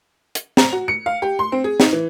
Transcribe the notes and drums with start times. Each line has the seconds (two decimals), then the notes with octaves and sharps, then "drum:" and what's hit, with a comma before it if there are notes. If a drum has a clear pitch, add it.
0.35 drum: hi-hat
0.57 A#5, drum: snare
0.73 F#4
0.88 C#7
1.06 F5
1.22 G4
1.39 C6
1.52 C4
1.64 G#4
1.80 D#4, drum: snare
1.92 E3